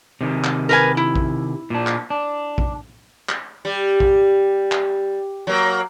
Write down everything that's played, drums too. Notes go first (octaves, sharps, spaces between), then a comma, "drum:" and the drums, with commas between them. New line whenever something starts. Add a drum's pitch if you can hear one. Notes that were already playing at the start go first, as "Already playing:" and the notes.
C3 D#3
drum: clap
A#4 B4 G#5
E4
drum: kick A#1
A#2 D4
drum: clap
D4
drum: kick A#1
drum: clap
G3
drum: kick A#1
drum: clap
F#3 A#3